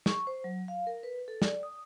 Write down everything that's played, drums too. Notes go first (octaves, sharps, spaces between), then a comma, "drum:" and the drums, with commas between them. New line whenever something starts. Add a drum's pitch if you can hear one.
C#6, drum: snare
C5
F#3
F5
A#4
B4
A4
D5, drum: snare
D#6